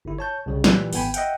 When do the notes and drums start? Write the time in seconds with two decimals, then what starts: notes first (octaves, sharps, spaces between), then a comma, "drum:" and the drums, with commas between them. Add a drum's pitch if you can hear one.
0.05 G1 E4
0.18 C#5 A5 G6
0.46 C2 C#3 G3
0.64 A#2 E3 G3, drum: snare
0.93 G#1 B3 G5 G#5 B5, drum: open hi-hat
1.14 D#5 E5 F#5 G5, drum: hi-hat